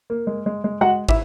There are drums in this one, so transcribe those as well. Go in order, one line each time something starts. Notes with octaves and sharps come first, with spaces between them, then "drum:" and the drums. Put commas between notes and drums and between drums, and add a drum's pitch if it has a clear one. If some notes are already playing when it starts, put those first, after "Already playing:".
A#3
G#3
G#3
G#3
G#3 F#4 F#5
E4 E5, drum: kick